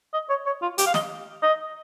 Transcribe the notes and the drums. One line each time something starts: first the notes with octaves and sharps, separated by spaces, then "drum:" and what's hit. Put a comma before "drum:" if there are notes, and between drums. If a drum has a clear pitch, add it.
D#5
C#5
C#5
F4
G4, drum: hi-hat
F5
D#5, drum: snare
D#5